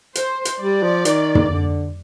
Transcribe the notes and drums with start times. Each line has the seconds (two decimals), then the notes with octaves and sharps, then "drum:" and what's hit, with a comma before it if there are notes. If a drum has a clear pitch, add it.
0.15 C5, drum: hi-hat
0.45 drum: hi-hat
0.60 G3 D5
0.83 F3
1.05 D#3, drum: hi-hat
1.35 drum: tom
1.50 D3